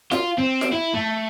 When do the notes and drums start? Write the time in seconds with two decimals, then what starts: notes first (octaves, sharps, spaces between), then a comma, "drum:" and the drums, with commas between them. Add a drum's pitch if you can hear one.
0.11 F4, drum: snare
0.38 C4
0.61 drum: snare
0.72 E4
0.93 A3